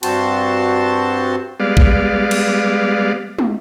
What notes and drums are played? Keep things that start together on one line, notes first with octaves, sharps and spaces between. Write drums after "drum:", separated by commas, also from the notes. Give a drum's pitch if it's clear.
G2 C4 F#4 A5 C6, drum: cymbal
G3 G#3 B3 D5 F5
drum: kick A1
drum: cymbal
drum: tom